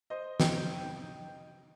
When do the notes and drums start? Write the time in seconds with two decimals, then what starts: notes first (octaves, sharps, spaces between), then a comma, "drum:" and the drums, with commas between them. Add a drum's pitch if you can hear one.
0.10 C5 D#5
0.40 D#5 G5, drum: snare